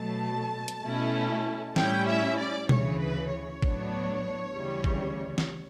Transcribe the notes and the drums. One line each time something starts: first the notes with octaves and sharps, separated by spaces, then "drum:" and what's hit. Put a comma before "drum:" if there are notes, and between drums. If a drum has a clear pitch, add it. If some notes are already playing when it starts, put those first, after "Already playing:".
Already playing: B2 F#3 A3 A5
drum: hi-hat
B2 A3 C#4 E4
A2 G3 C#4 E4 G5, drum: snare
E5
D5
D2 C#3 E3 C#5, drum: tom B2
B4
C#5
A2 F#3 B3 D4, drum: kick G#1
D2 C#3 E3 G3
drum: kick G#1
drum: snare